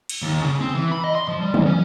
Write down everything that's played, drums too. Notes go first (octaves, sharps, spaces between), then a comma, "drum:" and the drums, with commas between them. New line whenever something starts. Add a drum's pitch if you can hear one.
drum: cymbal
D#2
C#3
C4
E3
B5
D#5
C6
F3
G3
D#2, drum: tom
C#4